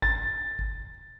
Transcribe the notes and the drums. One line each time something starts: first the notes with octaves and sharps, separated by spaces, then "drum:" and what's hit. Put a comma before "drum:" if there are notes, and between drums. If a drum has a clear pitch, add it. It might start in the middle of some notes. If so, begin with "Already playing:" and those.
A6, drum: kick
drum: kick